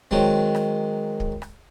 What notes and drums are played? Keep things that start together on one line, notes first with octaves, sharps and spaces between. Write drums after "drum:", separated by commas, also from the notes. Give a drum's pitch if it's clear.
D#3 F#3 G#3 C4, drum: kick
drum: rim click
drum: kick
drum: rim click